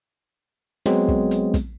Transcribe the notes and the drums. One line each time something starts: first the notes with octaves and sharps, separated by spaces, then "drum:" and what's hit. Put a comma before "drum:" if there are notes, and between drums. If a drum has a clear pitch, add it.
F#3 G#3 B3 C4, drum: snare
drum: kick
drum: hi-hat
drum: kick, hi-hat